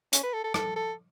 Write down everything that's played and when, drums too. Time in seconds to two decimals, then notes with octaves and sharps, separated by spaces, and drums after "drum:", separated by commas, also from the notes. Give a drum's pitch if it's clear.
0.13 C#4, drum: hi-hat
0.23 B4
0.33 A4
0.44 A4
0.54 A4, drum: rim click
0.76 A4